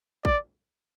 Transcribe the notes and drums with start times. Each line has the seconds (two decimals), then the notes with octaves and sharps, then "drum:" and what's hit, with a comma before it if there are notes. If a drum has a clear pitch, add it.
0.25 D5, drum: kick